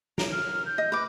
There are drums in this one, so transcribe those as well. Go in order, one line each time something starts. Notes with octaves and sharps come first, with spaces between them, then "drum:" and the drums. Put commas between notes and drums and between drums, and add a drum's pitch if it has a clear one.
A#4, drum: snare
F6
G6
D#5
B4 D6